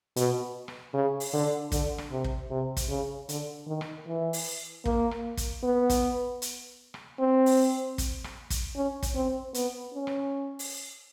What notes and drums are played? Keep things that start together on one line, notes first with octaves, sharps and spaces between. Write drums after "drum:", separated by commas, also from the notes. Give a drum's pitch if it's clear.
B2, drum: hi-hat
drum: rim click
C#3
drum: open hi-hat
D3
D3, drum: kick, hi-hat
drum: rim click
C3
drum: kick
C3
drum: kick, hi-hat
C#3
D3, drum: hi-hat
D#3
drum: rim click
E3
drum: open hi-hat
A#3, drum: kick
drum: rim click
drum: kick, hi-hat
B3
drum: kick, hi-hat
drum: hi-hat
drum: rim click
C4
drum: open hi-hat
drum: kick, hi-hat
drum: rim click
drum: kick, hi-hat
C#4
drum: kick, hi-hat
C4
B3, drum: hi-hat
C#4
drum: rim click
drum: open hi-hat